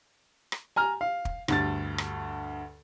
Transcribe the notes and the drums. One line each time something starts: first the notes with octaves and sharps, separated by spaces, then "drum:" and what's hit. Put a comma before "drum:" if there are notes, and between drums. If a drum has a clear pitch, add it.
drum: rim click
G#5 A#5 F6
F5
drum: kick
D2 G2 A6, drum: rim click
drum: rim click